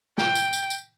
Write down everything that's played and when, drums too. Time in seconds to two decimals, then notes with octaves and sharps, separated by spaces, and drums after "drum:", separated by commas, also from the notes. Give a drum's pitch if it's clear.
0.18 G5, drum: snare
0.35 drum: tambourine
0.53 drum: tambourine
0.70 drum: tambourine